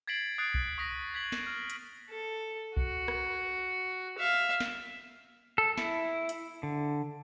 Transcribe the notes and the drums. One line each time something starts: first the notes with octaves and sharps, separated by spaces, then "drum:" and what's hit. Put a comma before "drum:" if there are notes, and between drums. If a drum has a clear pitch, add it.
G#6 A6 B6 C7 D7 F#7
D#6 F#6 G#6 A6 C7 D7
drum: kick B1
C#6 D#6 A#6 B6
G#6 B6 F#7
drum: snare
F6
drum: hi-hat
A4
F#4, drum: kick B1
drum: rim click
E5 F5
drum: snare
A4
E4, drum: snare
drum: hi-hat
D3